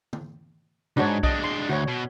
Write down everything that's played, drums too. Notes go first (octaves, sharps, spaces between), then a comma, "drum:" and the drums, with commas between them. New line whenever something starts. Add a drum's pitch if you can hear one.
drum: tom D3
C#2 G#2 D4 F#4 C#5
G#3 D4 D#5, drum: kick B1
C6
D2 F#4 C#5
B2